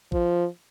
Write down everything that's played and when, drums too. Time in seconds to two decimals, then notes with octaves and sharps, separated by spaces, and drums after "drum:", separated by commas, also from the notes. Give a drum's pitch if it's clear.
0.12 F3, drum: kick A1